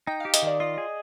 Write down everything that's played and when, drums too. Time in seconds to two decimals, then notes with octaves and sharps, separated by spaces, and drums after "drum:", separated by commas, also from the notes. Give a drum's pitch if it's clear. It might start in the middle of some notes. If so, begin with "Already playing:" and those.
0.07 D#4 G5
0.20 G4 F5
0.34 D#5, drum: hi-hat
0.42 D#3 D5
0.60 F4 D#5
0.78 G#4